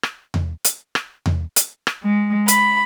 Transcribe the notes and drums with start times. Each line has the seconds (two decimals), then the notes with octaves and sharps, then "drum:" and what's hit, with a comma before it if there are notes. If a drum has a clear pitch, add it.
0.03 drum: rim click
0.34 drum: tom E2
0.64 drum: hi-hat
0.95 drum: rim click
1.26 drum: tom E2
1.56 drum: hi-hat
1.87 drum: rim click
2.03 G#3
2.48 B5, drum: hi-hat